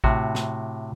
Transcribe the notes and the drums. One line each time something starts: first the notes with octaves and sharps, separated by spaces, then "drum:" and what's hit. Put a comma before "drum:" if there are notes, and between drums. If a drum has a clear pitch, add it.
A2 C3 F#4, drum: kick A1
drum: snare